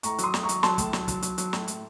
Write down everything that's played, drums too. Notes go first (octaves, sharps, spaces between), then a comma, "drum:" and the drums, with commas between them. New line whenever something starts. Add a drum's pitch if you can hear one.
A2 A#5 C#6, drum: hi-hat
F#3, drum: hi-hat
C6 D#6
A2, drum: snare
A#5 C#6
F#3, drum: hi-hat
F#3 A5 C6, drum: snare
A2, drum: kick, hi-hat
F#3, drum: snare
F#3, drum: kick, hi-hat
F#3, drum: hi-hat
F#3, drum: hi-hat
A2, drum: snare
A2, drum: hi-hat